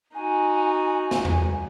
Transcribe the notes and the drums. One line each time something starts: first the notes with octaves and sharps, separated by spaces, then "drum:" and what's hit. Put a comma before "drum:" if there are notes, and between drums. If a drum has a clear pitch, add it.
D#4 F#4 G#5
drum: snare
drum: tom E2